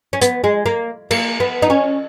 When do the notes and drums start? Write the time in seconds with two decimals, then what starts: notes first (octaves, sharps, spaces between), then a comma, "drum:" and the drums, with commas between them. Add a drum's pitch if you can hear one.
0.13 C#4
0.22 B3, drum: hi-hat
0.44 G#3
0.66 A#3
1.11 A#3, drum: cymbal
1.40 B3
1.62 D#4
1.70 C#4